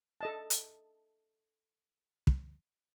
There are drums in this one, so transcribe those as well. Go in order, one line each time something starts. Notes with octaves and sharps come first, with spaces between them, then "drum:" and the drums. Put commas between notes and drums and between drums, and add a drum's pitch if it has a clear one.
A4 D#5 A5
drum: hi-hat
drum: kick